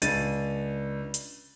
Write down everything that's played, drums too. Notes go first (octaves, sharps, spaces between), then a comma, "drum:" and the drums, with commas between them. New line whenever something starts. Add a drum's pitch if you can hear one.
C#2 D4 A6 D#7, drum: hi-hat
drum: hi-hat